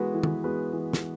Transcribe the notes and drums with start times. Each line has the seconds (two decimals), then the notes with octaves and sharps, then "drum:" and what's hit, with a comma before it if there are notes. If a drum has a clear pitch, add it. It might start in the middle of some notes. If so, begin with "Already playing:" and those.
Already playing: E3 G#3 B3 F#4 B4
0.14 E3
0.23 drum: tom D#3
0.44 G#3 B3 F#4 B4
0.73 E3
0.93 drum: snare